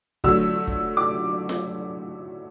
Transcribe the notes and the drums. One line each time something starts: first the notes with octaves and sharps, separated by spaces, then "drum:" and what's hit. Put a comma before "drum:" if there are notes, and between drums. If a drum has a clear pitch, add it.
D3 F#3 A3 E6, drum: kick
drum: kick
D6
drum: snare F4